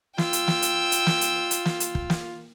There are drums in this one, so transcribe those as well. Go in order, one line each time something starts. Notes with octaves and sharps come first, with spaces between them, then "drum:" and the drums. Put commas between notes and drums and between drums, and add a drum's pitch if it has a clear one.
F4 G5 E6, drum: snare
drum: hi-hat
drum: snare
drum: hi-hat
drum: hi-hat
drum: snare
drum: hi-hat
drum: hi-hat
drum: snare
drum: hi-hat
drum: kick
drum: snare